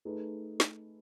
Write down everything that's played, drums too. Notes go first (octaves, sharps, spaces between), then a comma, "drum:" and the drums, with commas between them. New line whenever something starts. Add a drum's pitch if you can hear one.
A3 D#4 G#4 B4
drum: snare